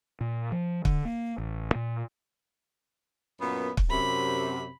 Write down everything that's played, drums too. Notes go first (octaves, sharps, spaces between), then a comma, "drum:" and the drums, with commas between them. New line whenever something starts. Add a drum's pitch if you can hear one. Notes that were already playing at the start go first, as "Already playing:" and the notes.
A#2
F3
D3, drum: kick
A#3
A1
A#2
F#2 A#2 B3
drum: kick
F#2 C3 B5